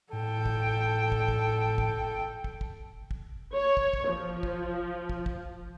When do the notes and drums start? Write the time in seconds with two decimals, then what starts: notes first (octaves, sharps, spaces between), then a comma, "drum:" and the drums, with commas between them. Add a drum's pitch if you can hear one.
0.13 A2 A4 G5
0.46 drum: kick
1.12 drum: kick
1.28 drum: kick
1.78 drum: kick
2.44 drum: kick
2.61 drum: kick
3.11 drum: kick
3.54 C#5
3.77 drum: kick
3.94 drum: kick
4.10 F3
4.43 drum: kick
5.09 drum: kick
5.26 drum: kick